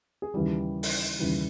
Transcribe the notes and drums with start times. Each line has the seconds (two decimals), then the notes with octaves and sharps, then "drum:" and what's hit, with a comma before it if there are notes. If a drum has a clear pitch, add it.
0.22 G#4
0.34 D#2 C#3 E3 G3 G4
0.83 drum: open hi-hat
1.19 D#2 C#3 E3 G3